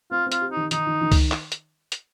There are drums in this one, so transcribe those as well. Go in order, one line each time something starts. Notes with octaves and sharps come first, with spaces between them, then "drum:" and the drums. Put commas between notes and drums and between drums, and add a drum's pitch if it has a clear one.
C4 F4
C4
F4, drum: hi-hat
G4
D#4
D#3
D#3 D#4, drum: hi-hat
D#3
D#3
drum: kick C#2, open hi-hat
drum: clap
drum: hi-hat
drum: hi-hat